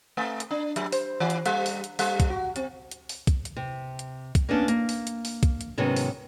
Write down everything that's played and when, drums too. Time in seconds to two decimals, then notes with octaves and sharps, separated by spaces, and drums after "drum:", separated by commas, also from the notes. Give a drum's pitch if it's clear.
0.17 A3
0.40 drum: hi-hat
0.51 D4
0.76 F#3, drum: hi-hat
0.92 C5, drum: open hi-hat
1.20 E3
1.30 drum: hi-hat
1.46 G3, drum: hi-hat
1.66 drum: open hi-hat
1.84 drum: hi-hat
1.99 G3, drum: open hi-hat
2.20 drum: kick, hi-hat
2.30 F#4
2.56 C4, drum: hi-hat
2.91 drum: hi-hat
3.09 drum: open hi-hat
3.27 drum: kick, hi-hat
3.45 drum: hi-hat
3.56 C3
3.99 drum: hi-hat
4.35 drum: kick, hi-hat
4.49 A#3 B3 C#4 D4
4.68 A#3, drum: hi-hat
4.89 drum: open hi-hat
5.07 drum: hi-hat
5.25 drum: open hi-hat
5.43 drum: kick, hi-hat
5.61 drum: hi-hat
5.78 G#2 C3 D#3 F#3 B3 C#4
5.97 drum: open hi-hat